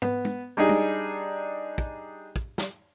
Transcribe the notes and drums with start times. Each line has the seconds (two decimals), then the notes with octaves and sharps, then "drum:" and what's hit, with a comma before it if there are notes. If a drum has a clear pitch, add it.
0.02 B3, drum: tom
0.25 drum: tom
0.57 G3 D4 D#4 G#4
0.69 drum: tom
1.78 drum: kick
2.36 drum: kick
2.58 drum: snare